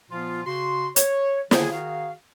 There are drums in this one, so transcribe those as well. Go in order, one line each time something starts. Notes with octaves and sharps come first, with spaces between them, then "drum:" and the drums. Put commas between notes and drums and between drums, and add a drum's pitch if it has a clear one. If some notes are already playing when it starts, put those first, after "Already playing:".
A#2 F3 B3 F4
C#3 F#4 C6
C#5, drum: hi-hat
D3 D#3 F#3 A#3 G#4, drum: snare
D#3 F#4 G#4 F5